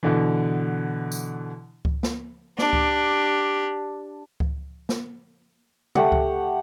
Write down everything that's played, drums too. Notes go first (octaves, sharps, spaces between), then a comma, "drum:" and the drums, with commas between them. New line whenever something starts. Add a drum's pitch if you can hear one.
B2 D3 E3
drum: tambourine
drum: kick C#2
drum: snare
D4 G4, drum: snare
drum: kick C#2
drum: kick C#2
drum: snare
A3 G4 F#5, drum: tom C3
drum: kick C#2